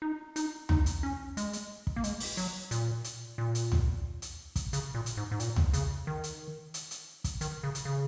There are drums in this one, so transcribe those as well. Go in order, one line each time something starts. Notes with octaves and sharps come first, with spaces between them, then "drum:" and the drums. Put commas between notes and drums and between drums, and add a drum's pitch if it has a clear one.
D#4
D#4, drum: hi-hat
D#4, drum: tom
drum: hi-hat
C#4
G#3, drum: hi-hat
drum: hi-hat
drum: kick
A#3
G#3, drum: hi-hat
drum: open hi-hat
F#3, drum: hi-hat
A#2, drum: hi-hat
drum: hi-hat
A#2
drum: hi-hat
drum: tom
drum: hi-hat
drum: kick, hi-hat
C#3, drum: hi-hat
A#2
drum: hi-hat
G#2
G#2
A#2, drum: hi-hat
drum: tom
C#3, drum: hi-hat
D#3
drum: hi-hat
drum: hi-hat
drum: hi-hat
drum: kick, hi-hat
D#3, drum: hi-hat
C#3
drum: hi-hat
C#3